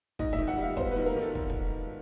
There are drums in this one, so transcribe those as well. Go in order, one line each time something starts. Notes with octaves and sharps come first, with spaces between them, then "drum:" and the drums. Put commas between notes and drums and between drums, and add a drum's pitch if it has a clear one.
G#2 D#5, drum: kick
E5, drum: kick
D#3
F#5
G3
F5
B3 C5, drum: kick
G#2 B4
A#4
D#3 A4
drum: kick
drum: kick